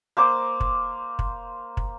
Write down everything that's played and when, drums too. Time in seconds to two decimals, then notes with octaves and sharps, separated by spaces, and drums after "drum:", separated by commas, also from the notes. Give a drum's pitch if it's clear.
0.17 A#3 C5 D6
0.60 drum: kick
1.19 drum: kick
1.77 drum: kick